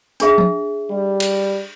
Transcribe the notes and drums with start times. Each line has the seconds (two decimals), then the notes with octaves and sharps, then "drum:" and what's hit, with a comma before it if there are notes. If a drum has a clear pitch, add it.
0.20 D4 G#4 E5, drum: hi-hat
0.38 drum: tom F3
0.90 G3
1.20 drum: cymbal